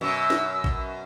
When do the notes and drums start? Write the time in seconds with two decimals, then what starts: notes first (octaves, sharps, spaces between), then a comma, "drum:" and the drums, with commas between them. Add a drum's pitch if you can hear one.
0.01 F#2 B2 E6
0.30 drum: snare
0.64 drum: kick A#1